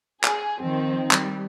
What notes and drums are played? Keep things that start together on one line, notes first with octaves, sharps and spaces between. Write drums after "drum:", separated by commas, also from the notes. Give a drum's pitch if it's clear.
G#4, drum: clap
D#3 F3 C4
G3, drum: clap